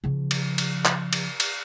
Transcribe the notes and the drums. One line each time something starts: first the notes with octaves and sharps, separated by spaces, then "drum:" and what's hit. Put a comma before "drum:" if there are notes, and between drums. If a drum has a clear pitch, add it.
C#3 F3
drum: cymbal
drum: cymbal
drum: clap
drum: cymbal
drum: cymbal